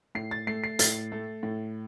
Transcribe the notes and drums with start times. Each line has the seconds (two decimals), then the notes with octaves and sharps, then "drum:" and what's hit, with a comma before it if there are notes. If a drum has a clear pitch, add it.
0.15 A2 C7
0.31 A6
0.47 A3 C7
0.64 C7
0.79 A2 A6, drum: hi-hat
1.12 A3
1.43 A2